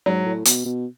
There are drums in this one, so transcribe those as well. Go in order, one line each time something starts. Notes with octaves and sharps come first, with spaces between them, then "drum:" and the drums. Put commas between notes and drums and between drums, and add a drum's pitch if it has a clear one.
G#2 F#3
A2
B2, drum: hi-hat
B2